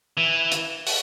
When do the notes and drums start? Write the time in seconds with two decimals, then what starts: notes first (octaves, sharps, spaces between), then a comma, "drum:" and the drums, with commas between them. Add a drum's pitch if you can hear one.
0.17 E3
0.52 drum: hi-hat
0.87 drum: open hi-hat